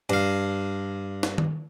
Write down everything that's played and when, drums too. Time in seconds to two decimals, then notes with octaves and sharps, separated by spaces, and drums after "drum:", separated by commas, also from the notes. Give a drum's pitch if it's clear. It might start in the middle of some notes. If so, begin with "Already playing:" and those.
0.09 G2 F5, drum: cymbal
1.23 drum: snare
1.38 drum: tom D#3